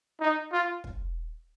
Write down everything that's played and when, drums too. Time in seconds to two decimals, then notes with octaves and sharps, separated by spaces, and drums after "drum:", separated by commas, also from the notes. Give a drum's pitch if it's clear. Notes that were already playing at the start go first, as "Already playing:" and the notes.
0.21 D#4
0.53 F4
0.84 drum: kick